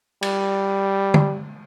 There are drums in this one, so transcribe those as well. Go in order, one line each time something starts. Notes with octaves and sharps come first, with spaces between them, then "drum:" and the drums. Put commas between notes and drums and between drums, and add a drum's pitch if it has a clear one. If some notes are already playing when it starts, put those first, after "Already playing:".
G3, drum: cymbal
drum: tom